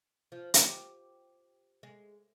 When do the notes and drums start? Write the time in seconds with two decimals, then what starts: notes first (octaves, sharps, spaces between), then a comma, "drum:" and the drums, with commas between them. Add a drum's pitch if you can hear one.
0.32 F3
0.54 G4, drum: hi-hat
1.83 G#3